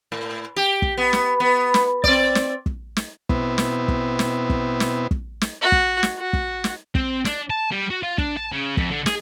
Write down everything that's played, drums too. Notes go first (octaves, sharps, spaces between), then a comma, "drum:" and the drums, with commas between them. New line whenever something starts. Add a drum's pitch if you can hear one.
A2
G4
drum: kick
B3
drum: snare
B3
drum: snare
C4 D5, drum: kick
drum: snare
drum: kick
drum: snare
B2 B3 C4 E4, drum: kick
drum: snare
drum: kick
drum: snare
drum: kick
drum: snare
drum: kick
drum: snare
F#4
drum: kick
drum: snare
F#4
drum: kick
drum: snare
C4, drum: kick
D4, drum: snare
A5
G3
F#4
F4
D4, drum: kick
A5
C#3
F2, drum: kick
D3
G#4, drum: snare